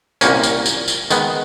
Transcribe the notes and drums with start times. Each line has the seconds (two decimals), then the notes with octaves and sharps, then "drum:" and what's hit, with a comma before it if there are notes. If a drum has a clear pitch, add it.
0.21 C2 A#2 G3 A#3 C#4, drum: tambourine
0.43 drum: tambourine
0.66 drum: tambourine
0.88 drum: tambourine
1.10 D#3 G#3 B3, drum: tambourine